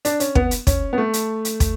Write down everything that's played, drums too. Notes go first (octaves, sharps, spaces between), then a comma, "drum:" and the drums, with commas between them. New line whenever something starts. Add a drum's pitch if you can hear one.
D4, drum: hi-hat
C#4, drum: hi-hat
B3, drum: kick
drum: hi-hat
C#4, drum: kick, hi-hat
B3
A3
drum: hi-hat
drum: hi-hat
drum: kick, hi-hat